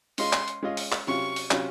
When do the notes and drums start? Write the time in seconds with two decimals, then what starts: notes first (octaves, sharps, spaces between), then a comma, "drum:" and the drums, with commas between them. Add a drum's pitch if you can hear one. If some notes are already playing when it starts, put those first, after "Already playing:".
0.18 G#3 C#4 F4 G#4 D#5 C6, drum: open hi-hat
0.33 drum: clap
0.48 drum: hi-hat
0.63 G#3 C#4 F4 G#4 D#5
0.77 drum: open hi-hat
0.92 drum: clap
1.07 C3 F#3 C#4 F4 C#6
1.36 drum: open hi-hat
1.51 C3 F#3 C#4 F4, drum: clap